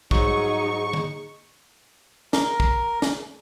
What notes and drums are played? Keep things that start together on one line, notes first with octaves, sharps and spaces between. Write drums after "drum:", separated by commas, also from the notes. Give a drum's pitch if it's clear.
G#2 F#3 D#4 G#4 C#6, drum: kick
drum: tom
A#4, drum: snare
drum: kick
drum: snare